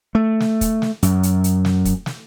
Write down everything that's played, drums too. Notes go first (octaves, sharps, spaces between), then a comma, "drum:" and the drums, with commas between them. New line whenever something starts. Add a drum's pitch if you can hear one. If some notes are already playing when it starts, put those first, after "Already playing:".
A3
drum: snare
drum: kick, hi-hat
drum: snare
F#2, drum: hi-hat
drum: hi-hat
drum: hi-hat
drum: snare
drum: kick, hi-hat
drum: snare